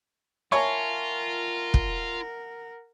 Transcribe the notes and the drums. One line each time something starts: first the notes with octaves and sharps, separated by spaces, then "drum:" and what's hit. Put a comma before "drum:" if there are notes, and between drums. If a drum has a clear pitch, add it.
F4 A#4 C#5 E5 F#5 G#5 A5
drum: kick